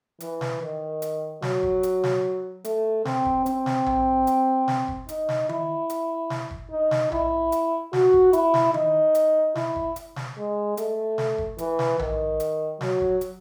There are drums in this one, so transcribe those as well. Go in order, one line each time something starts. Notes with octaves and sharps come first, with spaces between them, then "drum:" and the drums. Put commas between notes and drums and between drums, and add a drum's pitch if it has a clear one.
E3, drum: hi-hat
drum: snare
D#3
drum: hi-hat
F#3, drum: snare
drum: kick F#1
drum: hi-hat
drum: snare
A3, drum: hi-hat
C4, drum: snare
drum: kick F#1
C4, drum: hi-hat
drum: snare
drum: tom A#1
drum: hi-hat
drum: snare
drum: kick F#1
D#4, drum: hi-hat
drum: snare
E4, drum: tom D#3
drum: hi-hat
drum: snare
drum: kick F#1
D#4
drum: snare
E4, drum: tom A#1
drum: hi-hat
F#4, drum: snare
drum: kick F#1
E4, drum: hi-hat
drum: snare
D#4, drum: tom D#3
drum: hi-hat
E4, drum: snare
drum: kick F#1
drum: hi-hat
drum: snare
G#3
A3, drum: hi-hat
drum: snare
drum: kick F#1
E3, drum: hi-hat
drum: snare
D#3, drum: tom A#1
drum: hi-hat
F#3, drum: snare
drum: kick F#1
drum: hi-hat